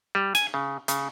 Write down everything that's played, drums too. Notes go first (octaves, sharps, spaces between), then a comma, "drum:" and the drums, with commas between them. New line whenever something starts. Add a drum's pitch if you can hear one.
G3
G#5, drum: hi-hat
C#3
C#3, drum: hi-hat